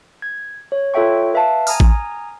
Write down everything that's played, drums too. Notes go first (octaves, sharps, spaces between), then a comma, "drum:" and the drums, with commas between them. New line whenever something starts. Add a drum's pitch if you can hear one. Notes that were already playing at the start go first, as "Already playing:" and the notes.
G#6
C#5
F4 A4 C#5 E5 G5 C#6
B4 E5 F5 A5
G#5 A#5 D#6 F6, drum: open hi-hat
drum: kick A1